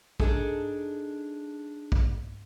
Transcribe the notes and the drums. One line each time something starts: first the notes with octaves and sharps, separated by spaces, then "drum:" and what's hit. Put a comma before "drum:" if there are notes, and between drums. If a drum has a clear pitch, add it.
D4 D#4 G#4 A4, drum: kick
drum: kick